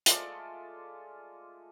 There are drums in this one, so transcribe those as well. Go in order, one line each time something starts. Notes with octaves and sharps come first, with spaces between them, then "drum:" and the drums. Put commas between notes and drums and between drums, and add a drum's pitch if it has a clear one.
G#3 A3 F4 D5, drum: hi-hat